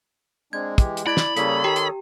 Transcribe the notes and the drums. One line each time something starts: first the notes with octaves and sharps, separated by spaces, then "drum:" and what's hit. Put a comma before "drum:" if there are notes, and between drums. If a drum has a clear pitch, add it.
G#3 C4 D4 G#6
E3 G4, drum: kick, hi-hat
drum: hi-hat
E4 D5 B5 G#6 D7
drum: snare
C#3 G3 A#3 A4 C#5 D#6 B6, drum: hi-hat
D#3 G4 G5 A#5
drum: hi-hat